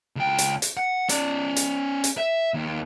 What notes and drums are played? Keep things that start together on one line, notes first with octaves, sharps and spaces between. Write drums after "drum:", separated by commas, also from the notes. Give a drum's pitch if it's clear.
C#2 G5
drum: hi-hat
drum: hi-hat
F#5
C#4 D5, drum: hi-hat
drum: hi-hat
drum: hi-hat
E5
D#2